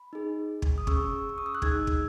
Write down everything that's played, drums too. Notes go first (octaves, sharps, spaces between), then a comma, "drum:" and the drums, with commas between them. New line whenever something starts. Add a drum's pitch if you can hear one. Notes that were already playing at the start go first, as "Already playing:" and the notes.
Already playing: B5
D#4 G#4
drum: kick
D#6
C#4 G#4 C#6 E6, drum: kick
C#6
D#6
E6
F#6
D#4 G#4 E6 G#6, drum: kick
drum: kick